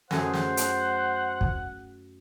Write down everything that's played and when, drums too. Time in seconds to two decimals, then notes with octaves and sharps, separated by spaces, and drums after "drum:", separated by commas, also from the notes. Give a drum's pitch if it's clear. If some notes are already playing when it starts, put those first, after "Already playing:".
0.11 F#2 A3 G#4 C5 F#5, drum: snare
0.33 drum: snare
0.57 drum: hi-hat
1.41 drum: kick